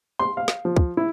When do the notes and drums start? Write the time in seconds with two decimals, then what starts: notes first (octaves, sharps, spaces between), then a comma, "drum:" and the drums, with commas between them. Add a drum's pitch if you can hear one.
0.19 C6
0.37 F5
0.48 drum: snare
0.65 F3
0.76 drum: kick
0.97 E4